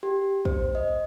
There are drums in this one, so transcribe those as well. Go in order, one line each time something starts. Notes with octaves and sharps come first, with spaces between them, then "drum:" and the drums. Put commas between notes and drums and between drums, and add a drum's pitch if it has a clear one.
G4
C5, drum: kick
D#5